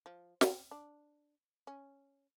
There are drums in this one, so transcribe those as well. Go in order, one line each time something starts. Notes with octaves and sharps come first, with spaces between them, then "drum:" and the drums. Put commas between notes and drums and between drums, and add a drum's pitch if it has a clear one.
F3
C4, drum: snare
D4
C#4